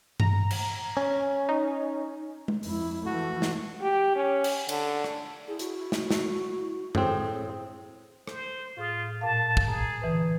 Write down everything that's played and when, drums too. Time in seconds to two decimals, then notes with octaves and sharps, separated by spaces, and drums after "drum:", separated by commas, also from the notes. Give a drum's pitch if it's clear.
0.20 A#5, drum: tom G2
0.50 drum: cymbal
0.97 C#4
1.49 D#4
2.48 drum: tom G#3
2.63 F2 E4, drum: open hi-hat
3.06 E3 A3 F#4
3.42 drum: snare
3.81 G4
4.16 C#4
4.44 drum: cymbal
4.69 D3, drum: cymbal
5.04 drum: rim click
5.48 E4 G#4
5.59 F#4, drum: hi-hat
5.92 drum: snare
6.11 drum: snare
6.95 A2 C4 G#4, drum: tom F#2
8.27 C5, drum: rim click
8.77 A2 F4 G#4 D#6
9.21 A#2 F5 A5
9.57 drum: kick
9.68 G#4 A#5
10.02 D3 E3 B4